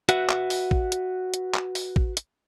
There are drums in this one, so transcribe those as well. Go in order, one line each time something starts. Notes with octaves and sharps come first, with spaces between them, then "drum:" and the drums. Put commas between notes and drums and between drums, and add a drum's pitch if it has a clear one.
F#4 B4 E5 F#5, drum: hi-hat
drum: clap
drum: open hi-hat
drum: kick
drum: hi-hat
drum: hi-hat
drum: clap
drum: open hi-hat
drum: kick
drum: hi-hat